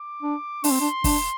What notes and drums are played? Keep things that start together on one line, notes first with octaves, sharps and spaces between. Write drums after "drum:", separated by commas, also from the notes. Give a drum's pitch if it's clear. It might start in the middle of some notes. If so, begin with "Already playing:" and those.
Already playing: D6
D4
D4 C6, drum: open hi-hat
C4
D4
D4, drum: kick, open hi-hat